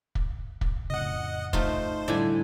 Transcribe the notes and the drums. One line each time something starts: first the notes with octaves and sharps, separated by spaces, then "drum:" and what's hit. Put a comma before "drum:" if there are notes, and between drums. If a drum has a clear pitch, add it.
drum: kick
drum: kick
F2 A2 C#3 D#5 F#5
A3 D#4 F4 C5, drum: kick
A2 D3 G3 E4 A4 D5 G#5